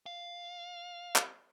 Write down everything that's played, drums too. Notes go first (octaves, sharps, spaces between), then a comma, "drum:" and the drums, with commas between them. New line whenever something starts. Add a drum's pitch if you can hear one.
F5
drum: clap